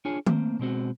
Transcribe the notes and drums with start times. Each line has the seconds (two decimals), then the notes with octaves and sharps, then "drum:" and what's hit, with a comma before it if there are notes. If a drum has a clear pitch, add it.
0.05 D4 F4 G#4 C#5 G#5
0.26 A3 A#3 C4, drum: tom D#3
0.59 B2 G#3 C4 F#4